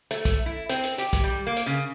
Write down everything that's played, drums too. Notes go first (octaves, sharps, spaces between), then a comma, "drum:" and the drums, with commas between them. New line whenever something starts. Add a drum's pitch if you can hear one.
A3, drum: hi-hat
drum: kick, hi-hat
E4
C4, drum: hi-hat
drum: hi-hat
G4, drum: hi-hat
drum: kick, hi-hat
G3
A#3
drum: hi-hat
C#3